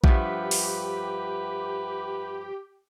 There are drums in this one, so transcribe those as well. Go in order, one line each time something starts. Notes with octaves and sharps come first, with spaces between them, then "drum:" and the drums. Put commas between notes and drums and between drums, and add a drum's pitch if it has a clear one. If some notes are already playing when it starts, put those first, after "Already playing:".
G2 F3 G4 B4 E5 F#5, drum: kick A#1
drum: open hi-hat